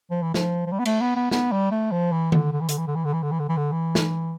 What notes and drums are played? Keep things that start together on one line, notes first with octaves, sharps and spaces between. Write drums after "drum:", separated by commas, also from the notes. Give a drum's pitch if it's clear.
F3
E3
F3, drum: snare
F3
G3
B3
A3, drum: cymbal
B3
B3
B3, drum: snare
G3
A3
F3
E3
D3, drum: tom D#3
D3
E3
D3, drum: hi-hat
E3
D3
E3
D3
E3
D3
E3
D3
E3
D3
E3
drum: snare